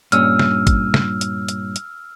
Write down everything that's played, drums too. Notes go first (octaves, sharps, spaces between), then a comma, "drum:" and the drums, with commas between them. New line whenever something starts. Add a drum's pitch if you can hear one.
G2 A#2 C#4 E6 F6, drum: hi-hat
drum: snare
drum: kick G#1, hi-hat
drum: snare
drum: hi-hat
drum: hi-hat
drum: hi-hat